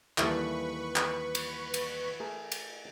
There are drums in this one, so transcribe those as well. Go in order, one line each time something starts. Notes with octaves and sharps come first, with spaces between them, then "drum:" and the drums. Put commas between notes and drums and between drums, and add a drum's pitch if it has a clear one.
D#2 D#3 E3 G3 A4 B4 B5 C#6, drum: clap
drum: clap
drum: cymbal
drum: cymbal
A3 G#4 A#4
drum: cymbal